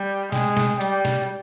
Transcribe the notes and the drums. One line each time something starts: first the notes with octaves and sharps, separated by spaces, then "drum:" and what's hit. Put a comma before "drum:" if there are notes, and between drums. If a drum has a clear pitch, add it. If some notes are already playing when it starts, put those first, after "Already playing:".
Already playing: G3
G#3 G5, drum: snare
drum: snare
G3, drum: hi-hat
drum: snare